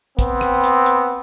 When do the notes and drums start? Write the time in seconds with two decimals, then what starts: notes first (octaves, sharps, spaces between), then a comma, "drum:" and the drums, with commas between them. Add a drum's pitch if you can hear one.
0.19 B3 C4, drum: kick, hi-hat
0.41 drum: rim click
0.64 drum: hi-hat
0.86 drum: hi-hat